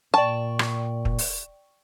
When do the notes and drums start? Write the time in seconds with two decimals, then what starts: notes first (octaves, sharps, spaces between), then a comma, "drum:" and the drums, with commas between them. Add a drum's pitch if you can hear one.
0.14 A#2 D5 G5 A5 C#6
0.59 drum: rim click
1.05 drum: kick
1.18 drum: open hi-hat